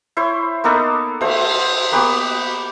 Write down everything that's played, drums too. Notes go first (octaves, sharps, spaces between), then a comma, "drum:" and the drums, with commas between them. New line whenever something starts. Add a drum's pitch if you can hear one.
E4 C5 C#5
A#3 B3 D#4 A4
A3 C5, drum: cymbal
A#3 B3 G4 C#6